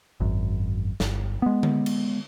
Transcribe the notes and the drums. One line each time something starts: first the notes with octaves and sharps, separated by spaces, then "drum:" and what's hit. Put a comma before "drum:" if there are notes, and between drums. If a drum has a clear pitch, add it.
G#1 F#2
G1, drum: snare
G#3 B3
drum: tom D3
drum: cymbal